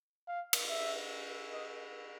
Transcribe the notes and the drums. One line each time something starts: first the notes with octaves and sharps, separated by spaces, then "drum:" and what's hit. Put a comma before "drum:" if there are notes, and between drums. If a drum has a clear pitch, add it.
F5
drum: cymbal
E5
D#5